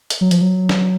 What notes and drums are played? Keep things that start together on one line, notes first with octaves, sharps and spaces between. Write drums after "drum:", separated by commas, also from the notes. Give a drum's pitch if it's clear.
drum: hi-hat
F#3
F3, drum: hi-hat
F#3
drum: snare